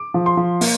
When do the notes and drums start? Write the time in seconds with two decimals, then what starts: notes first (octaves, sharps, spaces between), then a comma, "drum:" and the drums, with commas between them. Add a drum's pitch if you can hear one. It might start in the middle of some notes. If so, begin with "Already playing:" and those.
Already playing: D6
0.14 F3
0.26 C6
0.37 F3
0.61 A#3, drum: open hi-hat